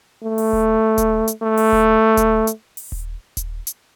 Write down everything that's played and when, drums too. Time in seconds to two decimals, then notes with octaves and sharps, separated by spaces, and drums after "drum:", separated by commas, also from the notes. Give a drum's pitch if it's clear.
0.23 A3
0.38 drum: open hi-hat
0.53 drum: kick D#1
0.98 drum: kick D#1, hi-hat
1.28 drum: hi-hat
1.42 A3
1.57 drum: open hi-hat
1.72 drum: kick D#1
2.17 drum: kick D#1, hi-hat
2.47 drum: hi-hat
2.77 drum: open hi-hat
2.92 drum: kick D#1
3.37 drum: kick D#1, hi-hat
3.67 drum: hi-hat